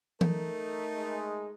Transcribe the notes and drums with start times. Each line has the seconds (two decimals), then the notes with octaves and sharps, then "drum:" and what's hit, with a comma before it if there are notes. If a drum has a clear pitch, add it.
0.21 A3 D#4 A#4, drum: tom E3
0.95 G#3